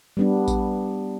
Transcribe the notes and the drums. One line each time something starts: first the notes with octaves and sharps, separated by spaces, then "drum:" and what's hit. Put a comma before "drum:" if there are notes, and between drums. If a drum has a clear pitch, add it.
G3 B3 D4
drum: kick A1, tambourine